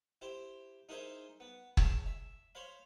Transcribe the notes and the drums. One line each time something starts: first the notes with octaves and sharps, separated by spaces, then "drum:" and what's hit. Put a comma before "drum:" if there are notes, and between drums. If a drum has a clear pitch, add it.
E4 G4 C5
D#4 E4 G#4 A#4 C5
B3
G#4 C#5 A5, drum: kick
E5
C5 C#5 F5 B5